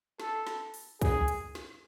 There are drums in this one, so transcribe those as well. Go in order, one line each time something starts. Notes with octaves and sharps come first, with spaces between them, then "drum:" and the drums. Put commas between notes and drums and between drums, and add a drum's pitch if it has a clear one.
A4, drum: snare
drum: snare
drum: open hi-hat
G#4, drum: kick, hi-hat
drum: hi-hat
drum: snare